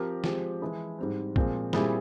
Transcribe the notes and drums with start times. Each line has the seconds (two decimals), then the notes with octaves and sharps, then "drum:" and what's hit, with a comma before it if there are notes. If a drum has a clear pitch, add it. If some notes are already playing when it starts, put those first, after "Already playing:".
Already playing: F3 C4 G4 A#4
0.24 F3 G#3 C4 G4, drum: snare
0.61 E3 G#3 E4 G#4
0.98 G#2 G3 C4
1.36 A#2 F3 G#3 C4, drum: kick
1.73 A#2 G3 C4 E4 G#4, drum: snare